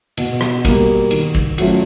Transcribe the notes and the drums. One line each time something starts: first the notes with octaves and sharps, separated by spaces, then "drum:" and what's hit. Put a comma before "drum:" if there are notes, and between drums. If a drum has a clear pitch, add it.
B2, drum: cymbal
drum: rim click
G3 A#3, drum: kick A1, cymbal
D#3, drum: cymbal
drum: kick A1
F#3 A3 C#4 F4, drum: cymbal